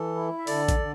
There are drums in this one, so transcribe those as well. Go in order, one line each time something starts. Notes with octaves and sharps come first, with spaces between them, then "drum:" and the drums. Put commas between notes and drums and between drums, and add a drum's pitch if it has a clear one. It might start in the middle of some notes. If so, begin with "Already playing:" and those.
Already playing: E3 A4
E4
E5
D3 A4 D5, drum: open hi-hat
drum: kick, hi-hat
D3